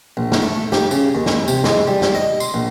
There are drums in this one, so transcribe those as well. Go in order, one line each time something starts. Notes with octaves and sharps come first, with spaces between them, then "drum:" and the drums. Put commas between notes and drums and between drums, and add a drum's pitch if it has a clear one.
A#1
drum: snare
A3
G4, drum: snare
C#3, drum: tambourine
D#2
drum: snare
C3, drum: tambourine
G#3, drum: snare
G3
drum: snare
D#5
C6, drum: tambourine
A#1